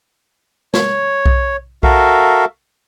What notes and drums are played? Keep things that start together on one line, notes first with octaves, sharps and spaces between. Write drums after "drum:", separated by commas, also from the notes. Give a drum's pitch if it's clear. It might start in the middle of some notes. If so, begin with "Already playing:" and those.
C#5, drum: snare
drum: kick B1
F#4 A4 A#4 E5 F5, drum: kick B1